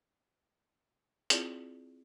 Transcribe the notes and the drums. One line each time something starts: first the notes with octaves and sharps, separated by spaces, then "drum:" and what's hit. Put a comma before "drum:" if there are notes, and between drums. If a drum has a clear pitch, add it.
C4 E4 F4 G#4 D5, drum: hi-hat